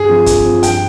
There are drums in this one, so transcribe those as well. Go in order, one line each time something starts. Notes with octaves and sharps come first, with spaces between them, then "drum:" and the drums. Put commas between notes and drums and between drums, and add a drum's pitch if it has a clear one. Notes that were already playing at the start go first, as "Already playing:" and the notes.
Already playing: G2 G#4
F3 C4 F4
G2, drum: kick F1, hi-hat
F3 C4 F4
G2 G5, drum: hi-hat